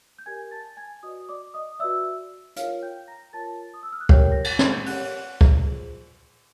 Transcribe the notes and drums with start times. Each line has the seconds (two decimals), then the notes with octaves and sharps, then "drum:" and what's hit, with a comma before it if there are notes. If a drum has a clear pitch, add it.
0.19 G6
0.26 G4 A#4 D5 G#5 G#6
0.51 A5 A6
0.77 G#5 G#6
1.03 F#4 B4 D5 D#5 D#6
1.29 D5 D6
1.54 D#5 D#6
1.79 F#4 B4 D5 E5 E6
2.56 F4 A#4 C#5 F5 F6, drum: hi-hat
2.82 G5 G6
3.08 A#5 A#6
3.33 F4 A#4 C#5 A5 A6
3.74 D#6
3.83 E6
3.92 F6
4.00 F#6
4.09 G4 A#4 C#5 G5 G6, drum: kick
4.32 A#6
4.44 A6, drum: cymbal
4.59 G#6, drum: snare
4.73 G6
4.86 G4 A#4 C#5 F#5 F#6, drum: open hi-hat
5.41 drum: kick
5.63 F4 G#4 C5